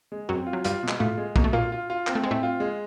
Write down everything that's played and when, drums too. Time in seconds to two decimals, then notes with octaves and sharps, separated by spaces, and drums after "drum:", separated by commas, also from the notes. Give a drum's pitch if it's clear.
0.12 G#3
0.29 F#2 F#3 C4
0.47 F4
0.53 F#3
0.64 G2 G3 F4, drum: hi-hat
0.83 B2
0.88 G#3, drum: clap
1.00 A2 A3 F4
1.17 G#3
1.36 B2 A#3, drum: kick
1.44 A3
1.53 A#2 A#3 F4
1.72 F4
1.90 F4
2.07 A#3 C4, drum: clap
2.15 A3
2.24 G#3 C4
2.31 A2 A3
2.43 F4
2.60 G#3